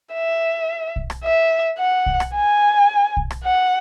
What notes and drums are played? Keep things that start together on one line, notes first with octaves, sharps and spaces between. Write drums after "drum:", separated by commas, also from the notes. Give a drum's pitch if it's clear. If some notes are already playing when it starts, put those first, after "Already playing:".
E5
drum: kick B1
drum: rim click
E5
F#5
drum: kick B1
drum: rim click
G#5
drum: kick B1
drum: rim click
F#5